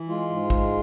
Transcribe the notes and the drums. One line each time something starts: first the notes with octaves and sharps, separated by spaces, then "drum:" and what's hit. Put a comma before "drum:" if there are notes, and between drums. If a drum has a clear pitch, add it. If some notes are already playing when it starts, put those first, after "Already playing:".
Already playing: E3
G#3 F4
G#2
G#3, drum: kick